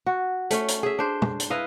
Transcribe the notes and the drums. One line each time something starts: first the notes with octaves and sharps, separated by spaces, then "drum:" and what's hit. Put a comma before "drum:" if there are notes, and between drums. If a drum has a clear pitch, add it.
F#4
A3 C#4, drum: hi-hat
drum: hi-hat
G#4 E5
D4 C5
drum: tom
drum: hi-hat
E4 B4 D#5 F5